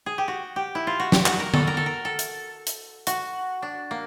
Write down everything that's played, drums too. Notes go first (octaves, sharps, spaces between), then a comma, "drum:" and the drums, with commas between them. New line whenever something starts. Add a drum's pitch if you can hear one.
G#4
G4
F#4
G4
E4
F4
F#4
G4, drum: snare
F#4, drum: clap
A#4
A4, drum: tom D3
A#4
A4
A#4
A4
drum: hi-hat
drum: hi-hat
F#4, drum: hi-hat
D4
A#3